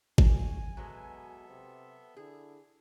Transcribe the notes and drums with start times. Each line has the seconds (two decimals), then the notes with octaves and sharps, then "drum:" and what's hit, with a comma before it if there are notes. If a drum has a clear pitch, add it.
0.18 C#4 F#4 G#5, drum: kick G#1
0.77 B2 F#3 G#3 B3 A4 E5
1.49 C3
2.17 D3 E4 G#4